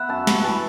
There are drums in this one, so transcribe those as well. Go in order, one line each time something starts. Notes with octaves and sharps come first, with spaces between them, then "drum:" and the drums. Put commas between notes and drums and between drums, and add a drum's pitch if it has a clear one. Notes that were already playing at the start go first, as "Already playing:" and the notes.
Already playing: B3 E5 F#5
F#2 A5
B5, drum: snare
E3 B3 A5